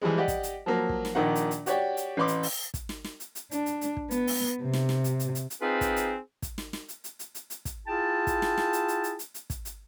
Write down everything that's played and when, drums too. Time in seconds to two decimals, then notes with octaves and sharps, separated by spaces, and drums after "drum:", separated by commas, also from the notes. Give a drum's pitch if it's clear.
0.02 E3 F3 G3 G#3
0.17 G4 D5 D#5 F#5
0.28 drum: kick, hi-hat
0.43 drum: hi-hat
0.66 F3 F#3 A#3
0.89 drum: kick
1.05 drum: snare
1.15 A#1 A#2 D#3 F#5
1.35 drum: hi-hat
1.51 drum: hi-hat
1.66 F#4 G4 C#5 D5 G5, drum: hi-hat
1.97 drum: hi-hat
2.17 A1 B4 C6 D6
2.28 drum: hi-hat
2.43 drum: open hi-hat
2.74 drum: kick, hi-hat
2.89 drum: snare
3.04 drum: snare
3.20 drum: hi-hat
3.35 drum: hi-hat
3.51 D4, drum: hi-hat
3.66 drum: hi-hat
3.81 drum: hi-hat
3.97 drum: kick
4.11 B3, drum: hi-hat
4.27 drum: open hi-hat
4.62 C3
4.73 drum: snare
4.89 drum: snare
5.04 drum: hi-hat
5.20 drum: hi-hat
5.35 drum: hi-hat
5.50 drum: hi-hat
5.62 C4 D#4 F4 G#4 B4
5.81 drum: kick, hi-hat
5.96 drum: hi-hat
6.42 drum: kick, hi-hat
6.58 drum: snare
6.73 drum: snare
6.89 drum: hi-hat
7.04 drum: hi-hat
7.19 drum: hi-hat
7.35 drum: hi-hat
7.50 drum: hi-hat
7.65 drum: kick, hi-hat
7.87 E4 F4 G#4 G5 A5
8.27 drum: kick, hi-hat
8.42 drum: snare
8.58 drum: snare
8.73 drum: hi-hat
8.88 drum: hi-hat
9.04 drum: hi-hat
9.19 drum: hi-hat
9.34 drum: hi-hat
9.50 drum: kick, hi-hat
9.65 drum: hi-hat